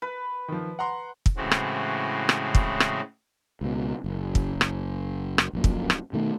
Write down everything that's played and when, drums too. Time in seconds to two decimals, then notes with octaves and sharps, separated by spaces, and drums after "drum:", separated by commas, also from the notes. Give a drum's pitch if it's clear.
0.02 B4
0.48 D#3 F3
0.79 F#5 A#5 C6
1.26 drum: kick
1.37 A2 C#3 E3 G#3 C4 F#4
1.51 drum: rim click
2.29 drum: rim click
2.55 drum: kick
2.80 drum: rim click
3.61 C#2 B2
4.04 F#1
4.35 drum: kick
4.61 drum: rim click
5.38 drum: rim click
5.53 A#1 F#2 A#2
5.64 drum: kick
5.90 drum: rim click
6.13 B2 D#3 A3